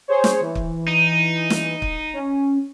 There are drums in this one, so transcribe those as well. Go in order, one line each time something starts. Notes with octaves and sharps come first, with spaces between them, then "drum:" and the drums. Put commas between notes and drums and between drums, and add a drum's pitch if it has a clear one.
G#4 C5 C#5
drum: snare
E3
drum: kick
D#4
drum: snare
drum: kick
C#4